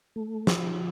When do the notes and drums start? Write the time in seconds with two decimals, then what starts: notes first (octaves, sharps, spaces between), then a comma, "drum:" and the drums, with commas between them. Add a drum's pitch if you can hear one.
0.16 A3
0.47 F3, drum: snare